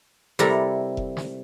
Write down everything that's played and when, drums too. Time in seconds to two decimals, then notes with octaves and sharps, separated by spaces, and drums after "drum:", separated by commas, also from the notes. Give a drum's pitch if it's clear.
0.39 C3 G3 E4 A4 A#4 A#5, drum: snare
0.97 drum: kick F1
1.17 drum: snare